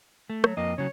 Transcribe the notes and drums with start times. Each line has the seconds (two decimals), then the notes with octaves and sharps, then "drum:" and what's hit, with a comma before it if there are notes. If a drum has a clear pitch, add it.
0.30 A3
0.44 F#3, drum: rim click
0.57 F2 A#3 D#5
0.78 C#3 F#3 C#5